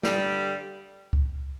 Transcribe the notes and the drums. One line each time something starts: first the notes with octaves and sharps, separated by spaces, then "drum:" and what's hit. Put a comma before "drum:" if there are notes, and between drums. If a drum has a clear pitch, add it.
G2 D3 G3, drum: snare
drum: kick C#2